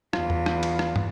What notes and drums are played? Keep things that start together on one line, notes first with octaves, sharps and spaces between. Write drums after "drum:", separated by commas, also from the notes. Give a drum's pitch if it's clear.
E2 F4, drum: rim click
drum: tom E2
drum: rim click
drum: cymbal
drum: rim click
drum: tom